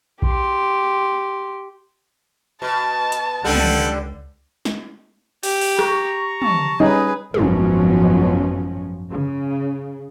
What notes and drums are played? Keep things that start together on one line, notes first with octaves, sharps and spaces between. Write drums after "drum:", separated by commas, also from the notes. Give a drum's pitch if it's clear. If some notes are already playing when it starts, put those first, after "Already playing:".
G4 C6, drum: kick A#1
B2 A5
drum: hi-hat
C#2 D3 G3 A4 F#5 G5
drum: tom
drum: snare
G4, drum: open hi-hat
drum: open hi-hat
A#5 C#6, drum: rim click
A5, drum: tom
G3 C#4 D#4 G#4 B4
G#1 F#2 B2 F3 F#3 C#4, drum: tom
C#3